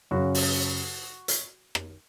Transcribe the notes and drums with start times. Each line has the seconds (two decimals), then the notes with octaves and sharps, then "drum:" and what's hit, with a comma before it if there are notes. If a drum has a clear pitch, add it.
0.11 F#2 C#3 F#3 F#4
0.35 drum: open hi-hat
1.28 drum: hi-hat
1.75 drum: rim click